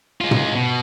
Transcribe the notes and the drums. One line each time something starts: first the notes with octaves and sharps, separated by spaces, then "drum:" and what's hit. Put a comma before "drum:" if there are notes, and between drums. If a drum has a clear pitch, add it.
G#3 F4
drum: tom
B2